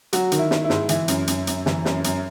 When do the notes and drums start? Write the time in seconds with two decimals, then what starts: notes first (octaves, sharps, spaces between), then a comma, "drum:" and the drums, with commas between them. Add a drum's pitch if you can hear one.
0.13 F#3 F#4, drum: hi-hat
0.32 D#3, drum: hi-hat
0.38 E4
0.51 D#3, drum: snare
0.64 E4
0.70 G#2, drum: snare
0.89 E3 E4, drum: hi-hat
1.08 F#2, drum: hi-hat
1.27 F#2, drum: hi-hat
1.47 F#2, drum: hi-hat
1.66 E3, drum: snare
1.85 F#2, drum: snare
2.04 F#2, drum: hi-hat